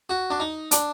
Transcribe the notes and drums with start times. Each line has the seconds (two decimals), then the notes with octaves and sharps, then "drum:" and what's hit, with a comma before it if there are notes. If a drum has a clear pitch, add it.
0.10 F#4
0.30 D4
0.40 D#4
0.71 D4, drum: hi-hat